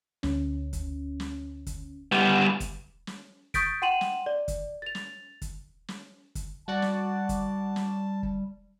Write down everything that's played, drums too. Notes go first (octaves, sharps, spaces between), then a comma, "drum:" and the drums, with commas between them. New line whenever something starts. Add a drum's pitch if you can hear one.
D2 C#4, drum: snare
drum: kick, hi-hat
drum: snare
drum: kick, hi-hat
G3 B3, drum: snare
drum: kick, hi-hat
drum: snare
C#6 D#6 G6 A6 B6 D7, drum: kick, hi-hat
F#5 G5 C6 D#7 E7 F#7
drum: snare
D5
drum: kick, hi-hat
A6 F7
drum: snare
drum: kick, hi-hat
drum: snare
drum: kick, hi-hat
G3 F#4 D5 F#5 A5
drum: snare
drum: kick, hi-hat
drum: snare
drum: kick